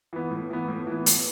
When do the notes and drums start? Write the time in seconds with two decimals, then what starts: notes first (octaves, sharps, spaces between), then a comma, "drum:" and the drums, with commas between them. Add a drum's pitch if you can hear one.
0.13 E3 B3
0.31 A2
0.50 E3 B3
0.68 A2
0.87 E3 B3
1.06 A2, drum: hi-hat